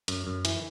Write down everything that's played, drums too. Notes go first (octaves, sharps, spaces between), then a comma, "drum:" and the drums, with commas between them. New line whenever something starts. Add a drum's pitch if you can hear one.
F#2, drum: hi-hat
F#2
E3, drum: hi-hat